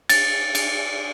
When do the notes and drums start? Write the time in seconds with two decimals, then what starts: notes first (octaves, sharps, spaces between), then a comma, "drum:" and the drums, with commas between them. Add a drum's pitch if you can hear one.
0.09 A6, drum: cymbal
0.55 drum: cymbal